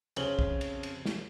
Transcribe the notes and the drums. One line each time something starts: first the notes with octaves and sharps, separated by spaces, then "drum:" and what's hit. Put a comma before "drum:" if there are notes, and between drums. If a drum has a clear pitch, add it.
F2 C#3 C4 C#5 F#7 G7, drum: cymbal
drum: kick
drum: cymbal
drum: cymbal
drum: snare